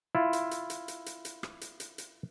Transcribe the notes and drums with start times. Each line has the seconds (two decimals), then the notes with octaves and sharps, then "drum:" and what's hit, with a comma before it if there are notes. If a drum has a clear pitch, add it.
0.15 E4 F4
0.33 drum: hi-hat
0.51 drum: hi-hat
0.70 drum: hi-hat
0.88 drum: hi-hat
1.06 drum: hi-hat
1.25 drum: hi-hat
1.43 drum: rim click
1.61 drum: hi-hat
1.80 drum: hi-hat
1.98 drum: hi-hat